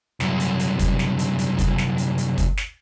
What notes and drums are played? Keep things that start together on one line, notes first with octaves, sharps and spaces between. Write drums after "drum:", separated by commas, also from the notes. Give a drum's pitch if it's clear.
C2 F#2, drum: snare
drum: hi-hat
drum: hi-hat
drum: kick, hi-hat
drum: snare
drum: hi-hat
drum: hi-hat
drum: kick, hi-hat
drum: snare
drum: hi-hat
drum: hi-hat
drum: kick, hi-hat
drum: snare